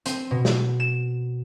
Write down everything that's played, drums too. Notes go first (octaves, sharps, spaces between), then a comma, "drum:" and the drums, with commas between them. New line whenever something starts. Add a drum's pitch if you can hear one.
C4, drum: hi-hat
B2
drum: snare
E7